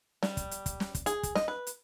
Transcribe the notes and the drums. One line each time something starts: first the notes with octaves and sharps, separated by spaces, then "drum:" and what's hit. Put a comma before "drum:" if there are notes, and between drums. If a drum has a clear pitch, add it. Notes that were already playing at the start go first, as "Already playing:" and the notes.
G3, drum: snare
drum: kick, hi-hat
drum: hi-hat
drum: kick, hi-hat
drum: snare
drum: kick, hi-hat
G#4, drum: hi-hat
drum: kick, hi-hat
D#5, drum: snare
B4
drum: hi-hat